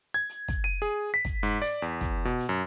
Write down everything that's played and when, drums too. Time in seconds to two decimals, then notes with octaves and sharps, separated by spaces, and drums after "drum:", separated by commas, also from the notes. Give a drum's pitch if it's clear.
0.14 G#6
0.29 drum: hi-hat
0.48 drum: kick, hi-hat
0.64 D#7
0.82 G#4
1.14 B6
1.25 drum: kick, hi-hat
1.43 G#2, drum: hi-hat
1.62 D5, drum: open hi-hat
1.82 E2, drum: hi-hat
2.01 drum: kick, hi-hat
2.25 B2
2.39 drum: hi-hat
2.49 F#2